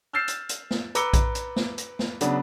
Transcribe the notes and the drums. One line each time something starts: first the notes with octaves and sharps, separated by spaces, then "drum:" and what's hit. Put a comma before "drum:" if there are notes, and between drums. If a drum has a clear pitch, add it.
E6 F6 G6 A6 C7 E7
drum: hi-hat
drum: hi-hat
drum: snare
B4 A#5 D6 E6 C#7 G7, drum: hi-hat
drum: kick A#1, hi-hat
drum: hi-hat
drum: snare
drum: hi-hat
drum: snare
C#3 F#3 B3 D4, drum: hi-hat